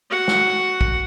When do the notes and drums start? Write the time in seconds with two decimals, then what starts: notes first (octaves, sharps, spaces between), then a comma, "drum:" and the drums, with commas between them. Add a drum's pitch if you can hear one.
0.10 F#4 F#5
0.28 drum: snare
0.81 drum: kick